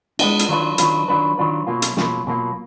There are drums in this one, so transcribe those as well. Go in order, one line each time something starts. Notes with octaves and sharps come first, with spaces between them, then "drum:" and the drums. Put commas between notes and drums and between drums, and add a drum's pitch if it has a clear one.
G#3 B3 D4, drum: cymbal
drum: hi-hat
D#3 F#3 D4 F4 B4
D#3 F#3 D4 F4 B4, drum: hi-hat
D#3 F#3 D4 F4 B4
D#3 F#3 D4 F4 B4
B2 F#3 A#3 F4
drum: hi-hat
B2 F#3 A#3 F4, drum: snare
B2 F#3 A#3 F4